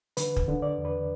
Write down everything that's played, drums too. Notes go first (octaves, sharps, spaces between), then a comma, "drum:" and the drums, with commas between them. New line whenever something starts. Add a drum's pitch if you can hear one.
D3 B4, drum: hi-hat
drum: kick
D3
D5
E2
B4